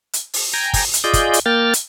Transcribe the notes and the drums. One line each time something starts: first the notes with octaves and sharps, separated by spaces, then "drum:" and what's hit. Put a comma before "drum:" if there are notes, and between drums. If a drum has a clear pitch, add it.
drum: hi-hat
drum: open hi-hat
G5 G#5 A#5
drum: kick, open hi-hat
drum: hi-hat
F4 G#4 D5 D#5 G6
drum: kick, hi-hat
drum: hi-hat
A#3 G5 F6 A6
drum: hi-hat